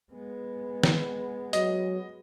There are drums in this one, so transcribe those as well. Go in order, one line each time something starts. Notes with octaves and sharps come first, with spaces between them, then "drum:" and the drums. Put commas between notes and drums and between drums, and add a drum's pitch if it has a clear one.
G#3 B3
drum: snare
F#3 D#5, drum: hi-hat